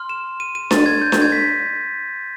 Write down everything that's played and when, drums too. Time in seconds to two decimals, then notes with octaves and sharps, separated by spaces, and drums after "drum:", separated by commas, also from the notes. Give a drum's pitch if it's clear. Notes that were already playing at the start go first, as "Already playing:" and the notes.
Already playing: C6 F6
0.09 E7
0.40 D#7
0.55 D#7
0.71 A6, drum: snare D4
0.86 G#6
1.02 G6
1.12 drum: snare D4
1.22 G#6
1.32 B6